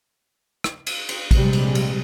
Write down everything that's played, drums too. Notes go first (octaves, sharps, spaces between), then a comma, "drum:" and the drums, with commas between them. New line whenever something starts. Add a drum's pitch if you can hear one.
drum: rim click
drum: cymbal
drum: cymbal
A#1 C3 G3 G#3, drum: kick, cymbal
drum: cymbal
drum: cymbal